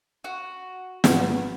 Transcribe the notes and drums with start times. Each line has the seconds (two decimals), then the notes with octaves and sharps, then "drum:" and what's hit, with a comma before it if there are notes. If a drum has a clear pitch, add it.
0.24 F#4
1.04 G#1 B3, drum: snare